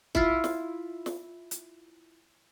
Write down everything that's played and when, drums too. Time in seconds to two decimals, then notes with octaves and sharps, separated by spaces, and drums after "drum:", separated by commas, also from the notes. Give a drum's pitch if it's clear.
0.15 E4 F4, drum: kick
0.44 drum: snare
1.06 drum: snare
1.51 drum: hi-hat